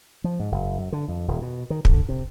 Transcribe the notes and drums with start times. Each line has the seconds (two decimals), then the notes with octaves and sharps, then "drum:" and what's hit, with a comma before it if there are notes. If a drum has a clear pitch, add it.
0.24 F3
0.40 G#2
0.52 F#1
0.79 F#2
0.92 D3
1.08 F2
1.28 D#1
1.42 B2
1.70 D#3
1.85 D3, drum: kick
2.09 C3